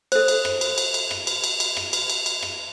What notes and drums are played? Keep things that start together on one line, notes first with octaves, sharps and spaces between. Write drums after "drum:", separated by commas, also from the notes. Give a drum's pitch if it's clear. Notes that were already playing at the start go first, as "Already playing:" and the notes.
A4 C5, drum: cymbal
drum: cymbal
drum: rim click
drum: cymbal
drum: cymbal
drum: cymbal
drum: rim click
drum: cymbal
drum: cymbal
drum: cymbal
drum: rim click
drum: cymbal
drum: cymbal
drum: cymbal
drum: rim click